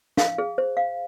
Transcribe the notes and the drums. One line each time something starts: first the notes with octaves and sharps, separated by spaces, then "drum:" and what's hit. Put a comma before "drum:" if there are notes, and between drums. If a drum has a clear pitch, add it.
F5, drum: snare
G#4
C5
F5